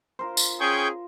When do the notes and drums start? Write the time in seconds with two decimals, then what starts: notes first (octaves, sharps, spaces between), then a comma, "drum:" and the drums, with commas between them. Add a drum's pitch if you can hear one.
0.19 F4 A#4 C5
0.37 drum: tambourine
0.61 C#4 G#4 G5 C#6 G6